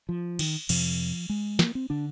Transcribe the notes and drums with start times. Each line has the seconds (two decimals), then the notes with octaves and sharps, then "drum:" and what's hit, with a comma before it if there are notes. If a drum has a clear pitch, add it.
0.09 F3
0.39 D#3, drum: cymbal
0.69 F2 C3 F3, drum: cymbal
1.29 G#3
1.59 A#3, drum: snare
1.75 C4
1.90 D3 D4